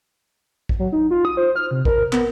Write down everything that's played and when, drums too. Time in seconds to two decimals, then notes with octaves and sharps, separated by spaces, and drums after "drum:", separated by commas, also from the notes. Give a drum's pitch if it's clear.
0.69 drum: kick A#1
0.79 F#3
0.92 D#4
1.11 F4
1.25 D#6
1.37 C5
1.56 F6
1.71 C3
1.85 A#4, drum: kick A#1
2.12 B3, drum: clap